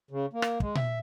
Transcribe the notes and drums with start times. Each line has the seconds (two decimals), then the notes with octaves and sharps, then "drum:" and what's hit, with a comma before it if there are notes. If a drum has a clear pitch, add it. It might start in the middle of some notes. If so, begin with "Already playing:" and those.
0.11 C#3
0.33 A#3
0.42 drum: rim click
0.60 G#3, drum: kick
0.75 E5, drum: tom A#2